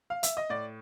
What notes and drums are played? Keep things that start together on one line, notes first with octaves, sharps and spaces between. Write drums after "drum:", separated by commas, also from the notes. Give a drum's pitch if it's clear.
F5
E5, drum: hi-hat
D#5
A2 D5